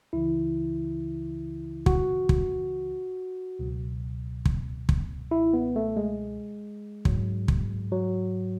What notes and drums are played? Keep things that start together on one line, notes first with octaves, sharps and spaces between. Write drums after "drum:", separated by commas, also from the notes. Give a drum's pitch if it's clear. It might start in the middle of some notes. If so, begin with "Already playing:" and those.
C#2 C#3 E3 E4
F#4, drum: kick
drum: kick
C#2 B2 F#3
drum: kick
drum: kick
E4
B3
A3
G#3
G#2 F#3, drum: kick
drum: kick
F#3